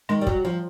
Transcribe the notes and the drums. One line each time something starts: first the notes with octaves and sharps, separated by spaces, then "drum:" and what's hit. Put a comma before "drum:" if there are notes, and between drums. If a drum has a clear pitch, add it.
D#3 G#3
G3
F#3, drum: kick
F3